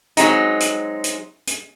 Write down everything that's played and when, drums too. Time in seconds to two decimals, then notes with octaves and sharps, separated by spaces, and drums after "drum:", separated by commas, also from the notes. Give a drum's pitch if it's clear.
0.17 F#3 G#3 C4 D#4, drum: hi-hat
0.60 drum: hi-hat
1.04 drum: hi-hat
1.47 drum: hi-hat